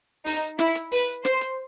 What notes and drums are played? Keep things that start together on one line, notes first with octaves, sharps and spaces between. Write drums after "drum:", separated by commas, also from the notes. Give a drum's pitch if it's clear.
D#4, drum: open hi-hat
E4, drum: snare
drum: hi-hat
B4, drum: open hi-hat
C5, drum: snare
drum: hi-hat